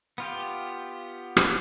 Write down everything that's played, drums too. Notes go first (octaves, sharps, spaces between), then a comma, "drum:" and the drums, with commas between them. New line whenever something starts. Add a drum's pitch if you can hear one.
B3 F4 G4
drum: rim click